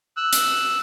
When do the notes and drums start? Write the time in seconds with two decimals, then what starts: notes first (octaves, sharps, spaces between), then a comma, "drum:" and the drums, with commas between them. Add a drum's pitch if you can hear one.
0.17 E6 F#6
0.33 drum: hi-hat